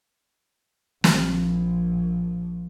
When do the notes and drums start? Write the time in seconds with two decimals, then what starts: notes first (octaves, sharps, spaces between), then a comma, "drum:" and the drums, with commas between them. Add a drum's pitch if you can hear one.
1.04 A#1 F3, drum: snare